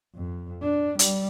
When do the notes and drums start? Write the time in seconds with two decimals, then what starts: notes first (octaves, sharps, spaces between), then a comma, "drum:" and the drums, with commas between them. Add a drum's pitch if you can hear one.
0.14 F2
0.62 D4
0.99 G3, drum: hi-hat